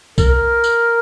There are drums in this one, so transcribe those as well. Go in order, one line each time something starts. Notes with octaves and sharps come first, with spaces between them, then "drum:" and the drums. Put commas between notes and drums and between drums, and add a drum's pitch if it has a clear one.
A#4, drum: kick, tambourine
drum: tambourine